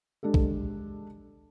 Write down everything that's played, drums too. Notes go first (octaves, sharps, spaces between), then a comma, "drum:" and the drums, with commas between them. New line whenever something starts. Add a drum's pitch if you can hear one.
G#3 D4 G4 A4
drum: kick